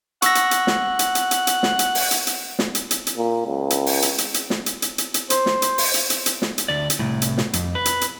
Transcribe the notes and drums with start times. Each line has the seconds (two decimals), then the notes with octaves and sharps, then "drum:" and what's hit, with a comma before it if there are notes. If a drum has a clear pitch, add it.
0.22 F#5 C#6 E6 A#6, drum: hi-hat
0.35 drum: hi-hat
0.51 drum: hi-hat
0.67 drum: snare
0.99 drum: hi-hat
1.15 drum: hi-hat
1.31 drum: hi-hat
1.47 drum: hi-hat
1.63 drum: snare
1.79 drum: hi-hat
1.95 drum: open hi-hat
2.11 drum: hi-hat
2.27 drum: hi-hat
2.59 drum: snare
2.75 drum: hi-hat
2.91 drum: hi-hat
3.07 drum: hi-hat
3.17 A#2
3.46 C#2
3.70 drum: hi-hat
3.86 drum: open hi-hat
4.02 drum: hi-hat
4.18 drum: hi-hat
4.34 drum: hi-hat
4.50 drum: snare
4.66 drum: hi-hat
4.82 drum: hi-hat
4.98 drum: hi-hat
5.14 drum: hi-hat
5.30 C5, drum: hi-hat
5.46 drum: snare
5.62 drum: hi-hat
5.78 drum: open hi-hat
5.94 drum: hi-hat
6.10 drum: hi-hat
6.26 drum: hi-hat
6.42 drum: snare
6.58 drum: hi-hat
6.68 D2 D5
6.90 drum: hi-hat
6.99 C2 A2
7.22 drum: hi-hat
7.38 drum: snare
7.53 F2, drum: hi-hat
7.75 B4
7.85 drum: hi-hat
8.01 drum: hi-hat